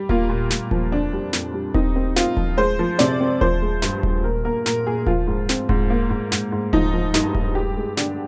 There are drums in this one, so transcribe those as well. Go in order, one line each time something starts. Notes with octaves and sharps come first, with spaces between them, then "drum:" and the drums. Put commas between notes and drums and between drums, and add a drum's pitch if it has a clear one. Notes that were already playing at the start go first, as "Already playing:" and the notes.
Already playing: G3
A#3 F4, drum: kick D#1
A#2
A#2, drum: snare
F3, drum: kick D#1
F2 D4
G3
F2, drum: snare
G3
C4 D#4, drum: kick D#1
C4
C4 F4, drum: snare
F3, drum: kick D#1
G#3 C5
F3
C3 D5, drum: snare
C4
F3 C5, drum: kick D#1
G#3
G2, drum: snare
G2, drum: kick D#1
A#2 A#4
A#3 A#4
A#2 A#4, drum: snare
A#2 G#4
F3 F4, drum: kick D#1
G#2
C4, drum: snare
G#2, drum: kick D#1
A#3
G#2
G#2, drum: snare
G#2
F3 D#4, drum: kick D#1
F3
G2 D#4, drum: snare
G2, drum: kick D#1
G#3 G4
G#3
D3 D4, drum: snare